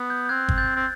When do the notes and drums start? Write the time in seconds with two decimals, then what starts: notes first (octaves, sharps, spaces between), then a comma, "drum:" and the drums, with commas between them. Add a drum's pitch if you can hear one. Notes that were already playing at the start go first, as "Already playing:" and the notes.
Already playing: B3
0.10 G6
0.25 G6
0.29 C4 F#6 G#6
0.49 drum: kick G1
0.58 G6 A6
0.76 C4